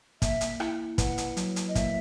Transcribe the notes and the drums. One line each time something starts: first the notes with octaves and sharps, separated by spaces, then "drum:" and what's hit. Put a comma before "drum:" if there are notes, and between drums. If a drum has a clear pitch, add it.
A#3 E5, drum: kick, hi-hat
drum: hi-hat
E4, drum: rim click
B4 F#5, drum: kick, hi-hat
drum: hi-hat
F#3, drum: hi-hat
drum: hi-hat
D#5
A#3 E5, drum: kick, hi-hat